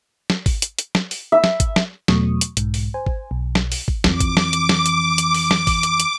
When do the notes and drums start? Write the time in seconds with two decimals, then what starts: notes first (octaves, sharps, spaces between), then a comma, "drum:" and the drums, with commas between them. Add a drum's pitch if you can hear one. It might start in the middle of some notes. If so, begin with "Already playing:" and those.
0.30 drum: snare
0.46 drum: kick G#1, open hi-hat
0.62 drum: hi-hat
0.79 drum: hi-hat
0.95 drum: snare
1.11 drum: open hi-hat
1.32 E5
1.44 drum: snare
1.60 drum: kick G#1, hi-hat
1.76 drum: snare
2.08 E2 B2 F#3 A3 C#6 D#6, drum: snare
2.41 drum: hi-hat
2.57 B1 G#2, drum: hi-hat
2.74 drum: open hi-hat
2.94 C5 G#5
3.06 drum: kick G#1
3.31 B1
3.55 drum: snare
3.72 drum: open hi-hat
3.88 drum: kick G#1
4.04 F2 E3 D6, drum: snare
4.20 drum: kick G#1, hi-hat
4.37 drum: snare
4.53 drum: hi-hat
4.69 drum: snare
4.86 drum: hi-hat
5.18 drum: hi-hat
5.34 drum: open hi-hat
5.51 drum: snare
5.67 drum: kick G#1, open hi-hat
5.83 drum: hi-hat
6.00 drum: hi-hat